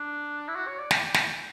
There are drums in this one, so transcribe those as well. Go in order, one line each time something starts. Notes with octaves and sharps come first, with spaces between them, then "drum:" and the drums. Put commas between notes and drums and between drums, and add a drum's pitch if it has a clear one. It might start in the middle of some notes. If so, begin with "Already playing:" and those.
Already playing: D4
E4
F#4
C#5
D5
G5, drum: snare
drum: snare